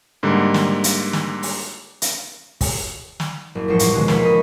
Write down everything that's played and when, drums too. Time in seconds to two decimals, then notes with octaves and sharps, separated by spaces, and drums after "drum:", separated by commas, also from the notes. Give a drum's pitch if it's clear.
0.23 G#2 D3 G3 A#3
0.54 drum: snare
0.84 drum: hi-hat
1.13 drum: snare
1.43 drum: open hi-hat
2.02 drum: hi-hat
2.61 drum: kick, open hi-hat
3.20 drum: snare
3.55 F#1
3.68 E1 A1 F3 C5 C#6
3.79 G2, drum: hi-hat
3.93 D#2 B2 D3 F3 G#3
4.08 F1 A#3 C5 C#5 F5 B6, drum: snare
4.23 C#3 D#5 B5 C#6